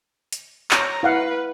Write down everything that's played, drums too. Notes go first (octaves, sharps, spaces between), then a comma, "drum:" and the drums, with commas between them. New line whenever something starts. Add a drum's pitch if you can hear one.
drum: hi-hat
C#5 A#5, drum: clap
E4 B4 F5 F#5